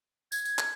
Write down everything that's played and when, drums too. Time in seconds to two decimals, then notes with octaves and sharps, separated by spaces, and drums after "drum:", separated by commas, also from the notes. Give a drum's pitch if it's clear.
0.32 G#6, drum: tambourine
0.45 drum: tambourine
0.59 drum: clap